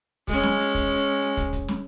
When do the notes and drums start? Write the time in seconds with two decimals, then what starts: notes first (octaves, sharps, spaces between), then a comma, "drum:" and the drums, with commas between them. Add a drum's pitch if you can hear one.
0.28 G#3 C#4, drum: kick, hi-hat
0.43 drum: snare
0.59 drum: hi-hat
0.75 drum: kick, hi-hat
0.90 drum: hi-hat
1.22 drum: hi-hat
1.37 drum: kick, hi-hat
1.53 drum: kick, hi-hat
1.68 drum: snare